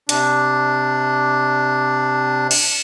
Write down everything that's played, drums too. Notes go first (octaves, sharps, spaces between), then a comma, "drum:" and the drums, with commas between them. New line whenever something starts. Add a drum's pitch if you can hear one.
C3 D4, drum: hi-hat
drum: cymbal